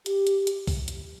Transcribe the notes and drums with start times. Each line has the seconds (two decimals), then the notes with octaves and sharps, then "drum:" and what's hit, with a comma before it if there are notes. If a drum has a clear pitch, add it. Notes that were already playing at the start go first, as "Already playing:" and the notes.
0.06 G4, drum: hi-hat
0.27 drum: hi-hat
0.47 drum: hi-hat
0.67 drum: kick C2, open hi-hat
0.88 drum: hi-hat